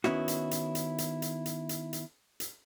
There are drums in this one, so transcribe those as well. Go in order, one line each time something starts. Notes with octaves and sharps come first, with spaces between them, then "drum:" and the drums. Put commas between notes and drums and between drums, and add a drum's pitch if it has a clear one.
D#3 B3 C#4 E4 F#4, drum: rim click
drum: hi-hat
drum: hi-hat
drum: hi-hat
drum: hi-hat
drum: hi-hat
drum: hi-hat
drum: hi-hat
drum: hi-hat
drum: hi-hat